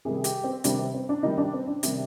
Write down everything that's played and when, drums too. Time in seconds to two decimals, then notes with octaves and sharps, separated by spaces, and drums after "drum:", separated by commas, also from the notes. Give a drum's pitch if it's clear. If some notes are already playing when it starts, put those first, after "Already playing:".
0.05 C3 D#3 G3 G#4
0.24 G4, drum: hi-hat
0.44 C4
0.64 C3 D#3 G3 D4, drum: hi-hat
0.79 C4
0.94 C4
1.09 D4
1.23 C3 D#3 G3 D#4
1.38 D4
1.53 C4
1.67 D4
1.83 C3 D#3 G3, drum: hi-hat